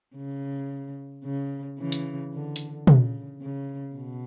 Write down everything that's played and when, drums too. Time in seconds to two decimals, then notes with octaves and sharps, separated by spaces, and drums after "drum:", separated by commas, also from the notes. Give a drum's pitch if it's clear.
0.16 C#3
1.24 C#3
1.79 C#3 E3
1.92 drum: hi-hat
2.33 D3
2.56 drum: hi-hat
2.87 C#3, drum: tom
3.41 C#3
3.96 B2